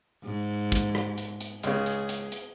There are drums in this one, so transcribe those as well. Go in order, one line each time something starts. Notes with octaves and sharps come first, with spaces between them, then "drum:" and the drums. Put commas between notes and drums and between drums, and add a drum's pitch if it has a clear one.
G#2
drum: kick, hi-hat
drum: rim click
drum: hi-hat
drum: hi-hat
C#2 C#3 G#4, drum: hi-hat
drum: hi-hat
drum: hi-hat
drum: hi-hat